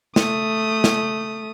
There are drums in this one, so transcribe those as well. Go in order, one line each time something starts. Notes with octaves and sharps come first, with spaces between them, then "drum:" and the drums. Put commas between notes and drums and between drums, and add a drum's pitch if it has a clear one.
A3 D#6, drum: snare
drum: snare